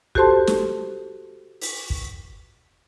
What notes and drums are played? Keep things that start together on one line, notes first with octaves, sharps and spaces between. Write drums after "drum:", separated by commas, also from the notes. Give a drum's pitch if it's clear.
F#4 G4 A4 C5 A5 C6, drum: kick
drum: snare
drum: open hi-hat
drum: kick